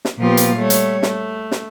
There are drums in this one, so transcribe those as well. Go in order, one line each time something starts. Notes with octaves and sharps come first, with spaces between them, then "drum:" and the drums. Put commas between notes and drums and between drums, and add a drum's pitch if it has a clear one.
drum: snare
A#2 F3 B3 F4 G4
drum: hi-hat
G3 A3 C#5
drum: hi-hat
A3, drum: snare
drum: snare